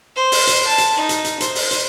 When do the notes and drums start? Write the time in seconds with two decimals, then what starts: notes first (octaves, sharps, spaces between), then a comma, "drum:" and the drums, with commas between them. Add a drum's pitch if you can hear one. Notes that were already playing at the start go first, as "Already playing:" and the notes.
0.16 C5
0.32 drum: open hi-hat
0.47 drum: hi-hat
0.66 A5
0.78 drum: hi-hat
0.97 D#4
1.09 drum: hi-hat
1.24 drum: hi-hat
1.40 C5, drum: hi-hat
1.55 drum: open hi-hat
1.71 drum: hi-hat